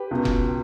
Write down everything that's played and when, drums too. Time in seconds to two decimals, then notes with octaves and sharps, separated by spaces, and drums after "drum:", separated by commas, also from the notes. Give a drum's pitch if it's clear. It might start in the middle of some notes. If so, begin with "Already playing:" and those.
Already playing: G4 B4
0.11 C#2 B2
0.25 drum: kick F1